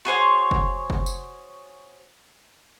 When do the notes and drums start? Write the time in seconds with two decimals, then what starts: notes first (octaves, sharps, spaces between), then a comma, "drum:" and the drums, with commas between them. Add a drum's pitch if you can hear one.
0.05 F#4 G#4 C5 C#5
0.51 drum: kick
0.90 drum: kick
1.06 drum: tambourine